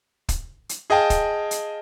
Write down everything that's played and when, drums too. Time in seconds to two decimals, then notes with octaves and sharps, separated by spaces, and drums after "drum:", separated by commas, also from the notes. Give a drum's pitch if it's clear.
0.29 drum: kick, hi-hat
0.69 drum: hi-hat
0.90 G#4 D#5 F5 G5 A5
1.10 drum: kick, hi-hat
1.51 drum: hi-hat